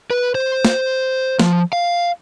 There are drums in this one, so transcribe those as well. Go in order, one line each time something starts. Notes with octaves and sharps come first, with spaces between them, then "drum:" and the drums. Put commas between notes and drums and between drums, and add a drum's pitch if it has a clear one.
B4
C5
drum: snare
F3, drum: snare
F5